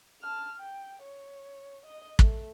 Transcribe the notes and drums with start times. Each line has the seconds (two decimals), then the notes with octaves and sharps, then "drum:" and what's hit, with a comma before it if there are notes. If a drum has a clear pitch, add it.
0.22 A5 F6
0.60 G5
1.03 C#5
1.86 D#5
2.19 A3, drum: kick